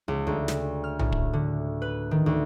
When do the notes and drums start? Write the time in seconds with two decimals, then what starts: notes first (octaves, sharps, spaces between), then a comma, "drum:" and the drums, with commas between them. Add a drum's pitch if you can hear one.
0.08 C#2
0.27 D2
0.48 drum: snare
0.84 F6
0.99 A2, drum: tom B1
1.12 drum: kick
1.33 D3
1.82 B4
2.11 D#3
2.26 D2